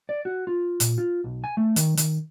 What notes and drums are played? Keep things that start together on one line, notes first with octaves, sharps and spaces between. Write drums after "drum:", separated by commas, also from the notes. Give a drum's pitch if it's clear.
D5
F#4
F4
A#2, drum: hi-hat
F4
B1
G#5
A3
D#3, drum: hi-hat
D#3, drum: hi-hat